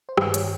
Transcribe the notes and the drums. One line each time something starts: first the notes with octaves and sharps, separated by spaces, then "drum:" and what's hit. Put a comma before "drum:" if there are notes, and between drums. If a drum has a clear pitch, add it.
C5
G2 D#3 G3 B4, drum: rim click
C#5, drum: hi-hat